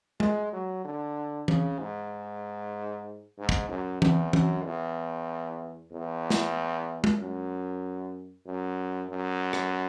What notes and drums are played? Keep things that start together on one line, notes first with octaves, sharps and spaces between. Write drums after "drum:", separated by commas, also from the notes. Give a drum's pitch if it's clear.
G#3, drum: tom G#3
F#3
D3
C#3, drum: tom E3
G#2
G#2
drum: kick
F#2
E2, drum: tom E3
F#2, drum: tom E3
E2
E2
drum: snare
drum: tom G#3
F#2
F#2
F#2
drum: rim click